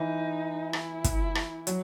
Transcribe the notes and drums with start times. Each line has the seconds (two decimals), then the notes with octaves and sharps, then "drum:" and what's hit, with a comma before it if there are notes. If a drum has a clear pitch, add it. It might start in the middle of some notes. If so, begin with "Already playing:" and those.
Already playing: E3 D#4
0.73 E4, drum: rim click
1.04 drum: kick, hi-hat
1.35 drum: rim click
1.67 F#3, drum: hi-hat